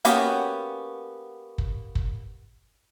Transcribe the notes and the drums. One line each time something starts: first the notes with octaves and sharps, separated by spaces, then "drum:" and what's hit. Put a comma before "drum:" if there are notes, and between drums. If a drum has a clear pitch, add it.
A#3 B3 C#4 F#4 G4, drum: hi-hat
drum: kick
drum: kick